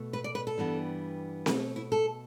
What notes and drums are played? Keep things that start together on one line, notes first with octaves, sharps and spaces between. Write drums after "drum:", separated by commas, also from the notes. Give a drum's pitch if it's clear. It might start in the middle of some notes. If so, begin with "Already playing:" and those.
Already playing: B2 A3
B4
D5
B4
A4
G2 E3 G3 B3
B2 A3 B4, drum: snare C4
E4
A4